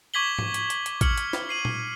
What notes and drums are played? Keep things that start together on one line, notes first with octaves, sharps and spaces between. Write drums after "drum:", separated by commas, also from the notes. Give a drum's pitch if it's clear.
C#6 D6 G#6 B6 F#7 G7
drum: tom G#2
drum: hi-hat
drum: hi-hat
drum: hi-hat
F6 C#7 F#7, drum: kick, hi-hat
drum: hi-hat
drum: snare
C7 D#7 F#7
drum: tom A#2